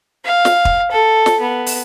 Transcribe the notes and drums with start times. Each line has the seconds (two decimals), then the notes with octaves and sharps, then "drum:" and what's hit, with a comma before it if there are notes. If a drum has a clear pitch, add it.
0.25 F5
0.45 drum: snare
0.65 drum: kick
0.92 A4
1.26 drum: snare
1.41 B3
1.66 drum: open hi-hat